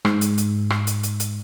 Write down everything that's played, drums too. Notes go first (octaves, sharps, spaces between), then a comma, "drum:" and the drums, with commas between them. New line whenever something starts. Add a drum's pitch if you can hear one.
G#2, drum: rim click
drum: hi-hat
drum: hi-hat
drum: rim click
drum: hi-hat
drum: hi-hat
drum: hi-hat